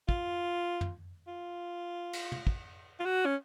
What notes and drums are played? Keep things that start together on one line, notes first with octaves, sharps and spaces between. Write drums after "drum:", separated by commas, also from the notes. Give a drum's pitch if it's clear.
F4, drum: kick
drum: tom
F4
drum: cymbal
drum: tom
drum: kick
F4
F#4
C#4